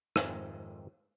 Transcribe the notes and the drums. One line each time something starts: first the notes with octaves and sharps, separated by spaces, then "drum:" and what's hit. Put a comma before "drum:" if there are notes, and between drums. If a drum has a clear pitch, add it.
F2 G#2 D#3 C4 E5 G#5, drum: rim click